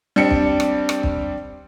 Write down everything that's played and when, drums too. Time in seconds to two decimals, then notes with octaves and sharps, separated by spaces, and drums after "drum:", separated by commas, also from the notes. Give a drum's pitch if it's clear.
0.16 G3 C4 D4 C#7
0.31 drum: kick
0.60 drum: rim click
0.89 drum: rim click
1.03 drum: kick